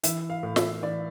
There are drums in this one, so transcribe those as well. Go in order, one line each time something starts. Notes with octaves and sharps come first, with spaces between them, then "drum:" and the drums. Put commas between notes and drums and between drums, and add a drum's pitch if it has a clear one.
E3 E5, drum: hi-hat
F5
A2
E5, drum: snare
E3 D5